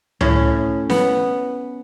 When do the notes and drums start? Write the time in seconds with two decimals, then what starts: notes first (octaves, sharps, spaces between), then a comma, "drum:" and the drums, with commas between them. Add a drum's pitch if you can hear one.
0.21 A2 C#4, drum: tom C#2
0.90 B3, drum: snare